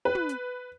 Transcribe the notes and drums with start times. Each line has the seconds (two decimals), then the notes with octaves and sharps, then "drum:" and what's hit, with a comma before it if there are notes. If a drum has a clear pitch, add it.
0.05 B4
0.15 drum: tom
0.29 drum: hi-hat